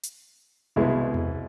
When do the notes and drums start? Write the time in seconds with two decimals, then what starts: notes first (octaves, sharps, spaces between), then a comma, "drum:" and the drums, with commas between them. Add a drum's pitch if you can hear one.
0.03 drum: hi-hat
0.76 C2 B2 G#3 B3 E4
1.14 drum: tom E2